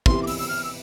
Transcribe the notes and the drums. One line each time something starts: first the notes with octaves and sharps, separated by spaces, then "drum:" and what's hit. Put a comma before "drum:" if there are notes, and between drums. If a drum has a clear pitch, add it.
C3 E3 B3 E4 G4 C6, drum: kick
D6
E6, drum: open hi-hat
E6
F6
E6